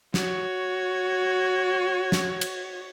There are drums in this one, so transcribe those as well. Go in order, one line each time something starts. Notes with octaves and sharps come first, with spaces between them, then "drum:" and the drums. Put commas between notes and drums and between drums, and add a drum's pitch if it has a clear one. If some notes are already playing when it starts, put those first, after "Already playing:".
F#4 C#5, drum: snare
drum: snare
drum: cymbal